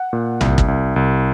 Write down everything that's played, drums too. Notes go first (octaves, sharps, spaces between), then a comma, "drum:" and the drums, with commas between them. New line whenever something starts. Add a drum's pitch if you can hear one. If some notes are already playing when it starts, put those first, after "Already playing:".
Already playing: F#5
A#2
C2, drum: tom B1
drum: kick
C2
C2